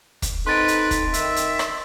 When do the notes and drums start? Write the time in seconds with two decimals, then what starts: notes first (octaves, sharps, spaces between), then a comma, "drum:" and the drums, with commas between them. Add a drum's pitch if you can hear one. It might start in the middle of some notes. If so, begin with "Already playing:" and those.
0.22 drum: kick, hi-hat
0.47 C4 D#4 A4 B4 C6 A6 D7
0.68 drum: hi-hat
0.91 drum: kick, hi-hat
1.14 D#3 E5, drum: hi-hat
1.36 drum: hi-hat
1.59 drum: rim click